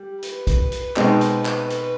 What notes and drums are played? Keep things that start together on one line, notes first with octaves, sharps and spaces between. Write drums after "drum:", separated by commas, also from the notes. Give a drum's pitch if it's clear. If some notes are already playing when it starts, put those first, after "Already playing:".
Already playing: G3
B4, drum: hi-hat
drum: kick, hi-hat
drum: hi-hat
B2 G#3 C4 D#4, drum: clap
drum: hi-hat
drum: clap
drum: hi-hat